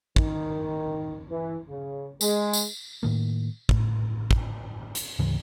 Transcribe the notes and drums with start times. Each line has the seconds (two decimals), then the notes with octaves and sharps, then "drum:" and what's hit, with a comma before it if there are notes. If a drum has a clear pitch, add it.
0.16 D#3, drum: kick
1.30 E3
1.69 C#3
2.21 G#3, drum: tambourine
2.53 drum: tambourine
3.03 A2 D#3 A#3
3.69 A2, drum: kick
4.31 drum: kick
4.95 drum: hi-hat
5.19 D2 G#2 C#3 E3